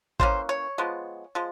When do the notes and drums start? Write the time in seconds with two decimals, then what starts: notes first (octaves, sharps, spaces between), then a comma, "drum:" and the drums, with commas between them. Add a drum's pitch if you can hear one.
0.20 E3 G3 A#3 C#4 C5, drum: kick
0.49 C#5
0.78 F3 G#3 B3
1.35 F3 G#3